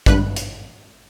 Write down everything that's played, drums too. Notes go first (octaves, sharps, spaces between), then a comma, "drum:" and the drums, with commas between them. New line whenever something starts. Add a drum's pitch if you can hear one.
G#1 G2 D4 B4 F#6, drum: kick, hi-hat
drum: hi-hat